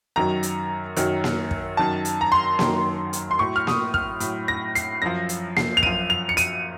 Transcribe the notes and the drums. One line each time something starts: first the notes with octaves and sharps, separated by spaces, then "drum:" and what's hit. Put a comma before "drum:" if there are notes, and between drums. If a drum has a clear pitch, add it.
F#2 D#3 F#3 A#5
drum: hi-hat
F#2 D#3 F#3, drum: hi-hat
drum: snare A#3
drum: kick
F#2 D#3 F#3 A5
drum: hi-hat
A#5
C6
F#2 D#3 F#3, drum: snare A#3
drum: hi-hat
C6
A2 F#3 C#6
F6
D#6, drum: snare A#3
F6, drum: kick
A2 F#3, drum: hi-hat
A#6
C7, drum: hi-hat
F#2 F3 A#6
drum: hi-hat
C7, drum: snare A#3
F7
F#2 F3 D#7, drum: kick
F7
C#7
D#7, drum: hi-hat